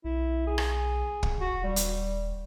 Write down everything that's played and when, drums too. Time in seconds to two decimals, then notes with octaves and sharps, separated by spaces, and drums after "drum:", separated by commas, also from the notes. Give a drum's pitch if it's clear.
0.04 B1 E4
0.47 G#4
0.58 drum: rim click
1.23 drum: kick
1.40 D#1 F#4
1.64 G3
1.76 drum: hi-hat